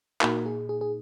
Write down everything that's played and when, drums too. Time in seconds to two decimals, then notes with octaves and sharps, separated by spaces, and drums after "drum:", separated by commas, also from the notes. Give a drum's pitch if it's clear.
0.21 A#2 A#3 D#4 F#4 A#4, drum: clap
0.46 G#4
0.69 G#4
0.81 G#4